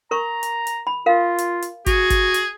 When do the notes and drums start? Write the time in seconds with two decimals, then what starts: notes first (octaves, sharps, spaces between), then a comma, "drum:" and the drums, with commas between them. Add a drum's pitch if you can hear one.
0.11 A#4 A#5 C#6
0.43 drum: hi-hat
0.67 drum: hi-hat
0.87 B5
1.06 F4 A#4 F5
1.38 drum: hi-hat
1.62 drum: hi-hat
1.86 F#4 G#4, drum: kick G1, hi-hat
2.10 drum: kick G1, hi-hat
2.34 drum: hi-hat